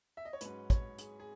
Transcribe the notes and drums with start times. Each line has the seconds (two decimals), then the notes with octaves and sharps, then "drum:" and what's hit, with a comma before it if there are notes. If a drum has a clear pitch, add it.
0.17 E5
0.25 D#5
0.33 C#5
0.41 G#2 F#3 C#4 B4, drum: hi-hat
0.70 C#5, drum: kick, hi-hat
0.99 G#4, drum: hi-hat
1.20 G#4